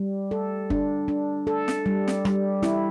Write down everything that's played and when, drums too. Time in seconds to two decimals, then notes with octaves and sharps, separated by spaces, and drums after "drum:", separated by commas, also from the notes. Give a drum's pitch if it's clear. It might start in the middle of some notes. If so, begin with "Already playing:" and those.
Already playing: G3
0.31 A4
0.70 D4, drum: kick
1.08 D4
1.47 A4
1.68 drum: snare
1.86 G3
2.08 drum: snare
2.25 G3, drum: rim click
2.63 E4, drum: snare